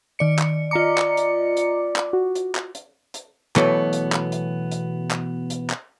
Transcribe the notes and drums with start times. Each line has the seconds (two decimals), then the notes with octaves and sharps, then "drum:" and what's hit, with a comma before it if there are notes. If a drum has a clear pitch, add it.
0.19 D#3 D5 C#7
0.39 drum: clap
0.71 F4 D5 D#5 A#5 D6 C#7
0.98 drum: clap
1.17 drum: hi-hat
1.57 drum: hi-hat
1.96 drum: clap
2.13 F#4
2.35 drum: hi-hat
2.55 drum: clap
2.75 drum: hi-hat
3.14 drum: hi-hat
3.56 B2 E3 F#3 A3 B3, drum: clap
3.93 drum: hi-hat
4.12 drum: clap
4.32 drum: hi-hat
4.71 drum: hi-hat
5.11 drum: clap
5.50 drum: hi-hat
5.70 drum: clap